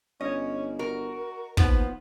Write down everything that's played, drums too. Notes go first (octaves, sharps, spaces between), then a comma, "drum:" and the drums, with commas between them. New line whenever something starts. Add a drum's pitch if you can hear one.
G1 C#4 C#5 D#5
F#4 A#4
D#2 F3 B3, drum: kick